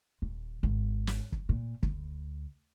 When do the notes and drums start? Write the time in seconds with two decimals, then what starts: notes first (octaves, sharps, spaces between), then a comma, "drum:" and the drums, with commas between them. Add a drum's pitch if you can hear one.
0.22 D#1
0.63 G#1
1.07 drum: snare
1.32 drum: kick
1.49 A#2
1.83 D2, drum: kick